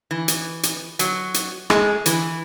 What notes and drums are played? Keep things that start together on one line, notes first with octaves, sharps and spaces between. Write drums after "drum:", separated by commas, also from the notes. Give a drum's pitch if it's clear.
E3
drum: hi-hat
drum: hi-hat
F#3, drum: hi-hat
drum: hi-hat
G#3, drum: rim click
E3, drum: hi-hat